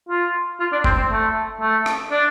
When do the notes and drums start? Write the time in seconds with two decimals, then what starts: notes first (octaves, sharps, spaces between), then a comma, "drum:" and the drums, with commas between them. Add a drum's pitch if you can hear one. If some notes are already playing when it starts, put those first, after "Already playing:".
0.09 F4
0.60 F4
0.72 D4
0.84 C4, drum: kick F#1
0.98 C4
1.10 A3
1.61 A3
1.86 drum: rim click
2.11 D4